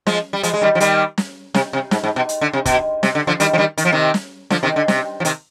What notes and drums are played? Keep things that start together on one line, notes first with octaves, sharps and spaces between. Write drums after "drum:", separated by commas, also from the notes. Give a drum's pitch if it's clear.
F3 G#3, drum: snare
G3
F3 G#3, drum: hi-hat
G#3
D#3 G3
F3
D#3 G3, drum: hi-hat
drum: snare
C3, drum: snare
C3
G#2, drum: snare
G#2
B2
drum: hi-hat
D3
C3
B2, drum: kick, hi-hat
C3, drum: snare
D3
D3 F3
D#3 G3, drum: hi-hat
F3
D#3 G3
D#3, drum: hi-hat
F3
C3 D#3
drum: snare
D3 F3, drum: snare
C3 D#3
D3
C3, drum: snare
F3
C3 D#3, drum: hi-hat